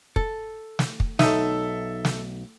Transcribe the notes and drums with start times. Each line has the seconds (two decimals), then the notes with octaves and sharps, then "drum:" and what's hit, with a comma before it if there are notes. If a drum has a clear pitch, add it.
0.16 A4, drum: kick
0.79 drum: snare
1.00 drum: kick
1.19 B1 D#4 A4 E5, drum: snare
2.05 drum: snare